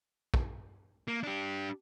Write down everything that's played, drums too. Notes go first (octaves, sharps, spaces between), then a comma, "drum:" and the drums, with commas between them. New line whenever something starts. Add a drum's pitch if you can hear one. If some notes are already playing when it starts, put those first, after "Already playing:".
drum: kick
A#3
D4 G4